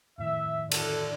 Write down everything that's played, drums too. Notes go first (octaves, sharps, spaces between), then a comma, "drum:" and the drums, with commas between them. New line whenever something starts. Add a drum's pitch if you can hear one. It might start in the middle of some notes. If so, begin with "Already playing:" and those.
F2 A2 D#3 E5
D3 F#4 A4, drum: cymbal